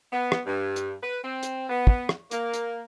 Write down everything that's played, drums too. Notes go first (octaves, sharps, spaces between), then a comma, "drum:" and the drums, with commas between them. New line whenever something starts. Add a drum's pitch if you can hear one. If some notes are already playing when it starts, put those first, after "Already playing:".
B3
drum: rim click
G2
drum: hi-hat
B4
C4
drum: hi-hat
B3
drum: kick
drum: rim click
A#3, drum: hi-hat
drum: hi-hat